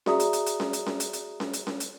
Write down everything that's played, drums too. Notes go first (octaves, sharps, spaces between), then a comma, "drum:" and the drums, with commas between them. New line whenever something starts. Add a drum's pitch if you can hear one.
F#4 G#4 D5 E5 A#5 D#6, drum: snare C#4
drum: hi-hat
drum: hi-hat
drum: hi-hat
drum: snare C#4
drum: hi-hat
drum: snare C#4
drum: hi-hat
drum: hi-hat
drum: snare C#4
drum: hi-hat
drum: snare C#4
drum: hi-hat